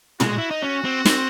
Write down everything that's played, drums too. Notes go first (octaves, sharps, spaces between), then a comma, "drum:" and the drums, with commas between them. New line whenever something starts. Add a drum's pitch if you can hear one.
G#3 F#4, drum: tom
E4
D#4
C#4 F#4
C4
C4, drum: snare